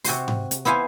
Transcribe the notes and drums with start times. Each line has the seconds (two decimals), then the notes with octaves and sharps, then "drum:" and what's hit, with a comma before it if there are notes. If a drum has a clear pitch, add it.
0.04 C3 F#4 C5 C6, drum: open hi-hat
0.28 drum: tom G#2
0.51 drum: hi-hat
0.65 B3 E4 C5 F5 G#5